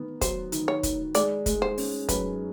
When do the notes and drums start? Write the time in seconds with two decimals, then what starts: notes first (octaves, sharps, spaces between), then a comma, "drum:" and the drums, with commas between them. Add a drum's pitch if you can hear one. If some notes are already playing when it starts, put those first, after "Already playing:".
Already playing: D#3 B3
0.21 F#3 C5, drum: kick, hi-hat
0.52 D#3, drum: hi-hat
0.68 C#5
0.83 D#3, drum: kick, hi-hat
1.14 G#3 D5, drum: hi-hat
1.46 G#3, drum: kick, hi-hat
1.62 C5
1.78 C#4, drum: open hi-hat
2.09 F#2 B4, drum: kick, hi-hat